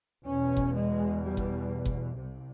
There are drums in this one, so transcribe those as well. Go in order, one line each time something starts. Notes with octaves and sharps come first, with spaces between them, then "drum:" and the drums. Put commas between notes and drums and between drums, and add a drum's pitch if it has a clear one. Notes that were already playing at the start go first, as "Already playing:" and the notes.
E2 B2 C#4
drum: kick F#1
G#3
G3
drum: kick F#1
drum: kick F#1
C2 C3